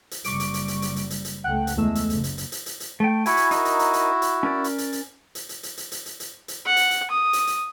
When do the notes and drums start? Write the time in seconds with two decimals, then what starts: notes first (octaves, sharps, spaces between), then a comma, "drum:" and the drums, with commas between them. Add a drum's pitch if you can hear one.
0.11 drum: hi-hat
0.24 F#1 G3 C#6 D6 D7, drum: hi-hat
0.40 drum: hi-hat
0.54 drum: hi-hat
0.68 drum: hi-hat
0.82 drum: hi-hat
0.96 drum: hi-hat
1.10 drum: hi-hat
1.25 drum: hi-hat
1.44 C#2 A3 F#5 G5 F#6
1.67 drum: hi-hat
1.77 E2 D#3 G#3 A3 E6
1.95 drum: hi-hat
2.10 F#1, drum: hi-hat
2.24 drum: hi-hat
2.38 drum: hi-hat
2.52 drum: hi-hat
2.66 drum: hi-hat
2.80 drum: hi-hat
3.00 A3 G5
3.26 E4 F#4 G#5 B5 C#6, drum: hi-hat
3.37 drum: hi-hat
3.51 D#4 A#4, drum: hi-hat
3.65 drum: hi-hat
3.79 drum: hi-hat
3.93 drum: hi-hat
4.22 drum: hi-hat
4.43 C#4 A#4 D5
4.64 drum: hi-hat
4.78 drum: hi-hat
4.93 drum: hi-hat
5.35 drum: hi-hat
5.49 drum: hi-hat
5.63 drum: hi-hat
5.77 drum: hi-hat
5.92 drum: hi-hat
6.06 drum: hi-hat
6.20 drum: hi-hat
6.48 drum: hi-hat
6.66 F#5
6.77 drum: hi-hat
6.91 drum: hi-hat
7.10 D#6
7.33 drum: hi-hat
7.47 drum: hi-hat